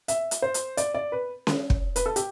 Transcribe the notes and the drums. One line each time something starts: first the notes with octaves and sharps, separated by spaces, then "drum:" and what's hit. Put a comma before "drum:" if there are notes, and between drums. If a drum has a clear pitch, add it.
E5, drum: hi-hat
drum: hi-hat
C5
drum: hi-hat
D5, drum: hi-hat
D5
B4
drum: snare C#4
drum: kick
B4, drum: hi-hat
A4
G4, drum: hi-hat